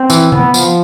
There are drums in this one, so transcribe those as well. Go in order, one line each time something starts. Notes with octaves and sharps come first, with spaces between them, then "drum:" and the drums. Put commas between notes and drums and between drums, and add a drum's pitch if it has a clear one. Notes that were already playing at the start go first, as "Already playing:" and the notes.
Already playing: C4
E3, drum: tambourine
B3, drum: tom C#3
F3, drum: tambourine